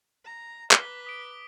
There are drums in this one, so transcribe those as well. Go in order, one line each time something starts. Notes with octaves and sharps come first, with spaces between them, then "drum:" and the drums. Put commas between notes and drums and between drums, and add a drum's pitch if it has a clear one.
A#5
B4 D6 B6 G7, drum: clap
D#6 D7